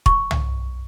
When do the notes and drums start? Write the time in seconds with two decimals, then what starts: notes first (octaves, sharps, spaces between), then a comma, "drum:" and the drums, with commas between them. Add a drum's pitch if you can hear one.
0.06 C#6, drum: kick
0.31 drum: tom C2